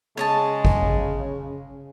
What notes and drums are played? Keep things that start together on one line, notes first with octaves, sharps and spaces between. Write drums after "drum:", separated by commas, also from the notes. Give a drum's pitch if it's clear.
C#3 G#3 C#5 D#5 A5
drum: kick G#1